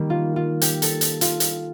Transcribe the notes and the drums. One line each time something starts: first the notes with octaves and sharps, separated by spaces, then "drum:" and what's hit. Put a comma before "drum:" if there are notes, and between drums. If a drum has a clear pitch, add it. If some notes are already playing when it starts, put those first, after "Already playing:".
Already playing: D#3 G3 A#3
F4
F4
G4, drum: hi-hat
A4, drum: hi-hat
drum: hi-hat
F4, drum: hi-hat
drum: hi-hat